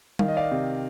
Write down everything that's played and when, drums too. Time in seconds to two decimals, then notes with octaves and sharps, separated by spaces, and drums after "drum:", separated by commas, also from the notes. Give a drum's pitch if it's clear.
0.19 D#3 F5, drum: tom
0.28 D#5
0.37 D5 F5
0.51 C3